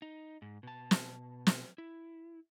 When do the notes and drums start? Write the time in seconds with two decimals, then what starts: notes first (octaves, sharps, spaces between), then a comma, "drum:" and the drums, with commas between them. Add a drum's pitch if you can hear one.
0.02 D#4
0.42 G#2
0.63 B2 A5
0.91 drum: snare
1.47 drum: snare
1.78 E4